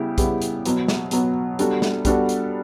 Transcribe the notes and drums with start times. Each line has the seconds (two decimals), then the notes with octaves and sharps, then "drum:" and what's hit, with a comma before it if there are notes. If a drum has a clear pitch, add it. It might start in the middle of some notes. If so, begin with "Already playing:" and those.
Already playing: C#3 G3 B3 E4 G4
0.18 C#3 G3 B3 E4 G4, drum: kick B1, hi-hat
0.42 drum: hi-hat
0.65 B2 F#3 B3, drum: hi-hat
0.88 drum: snare
1.11 B2 F#3 B3, drum: hi-hat
1.59 G3 B3 D4 F#4 A4, drum: hi-hat
1.82 drum: snare
2.05 G3 B3 D4 F#4 A4, drum: kick B1, hi-hat
2.29 drum: hi-hat